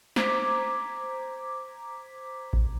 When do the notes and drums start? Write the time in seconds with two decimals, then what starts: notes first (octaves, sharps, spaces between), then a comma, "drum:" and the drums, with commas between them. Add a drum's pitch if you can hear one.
0.16 C5 A#5 D6 G#6 B6, drum: snare
2.53 drum: kick A1